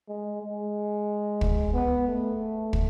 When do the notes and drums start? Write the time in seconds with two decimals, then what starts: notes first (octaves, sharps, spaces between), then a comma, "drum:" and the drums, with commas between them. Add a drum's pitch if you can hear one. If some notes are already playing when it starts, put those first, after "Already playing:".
0.09 G#3
0.42 G#3
1.41 drum: kick
1.74 B3
2.08 A3
2.73 drum: kick